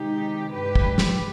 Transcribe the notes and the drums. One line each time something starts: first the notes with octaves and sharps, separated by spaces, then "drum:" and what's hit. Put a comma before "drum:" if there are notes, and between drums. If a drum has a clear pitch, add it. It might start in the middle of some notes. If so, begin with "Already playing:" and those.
Already playing: C3 D#3 G#3 D#4 G4
G2 D3 G#3 G4 B4
drum: kick
drum: snare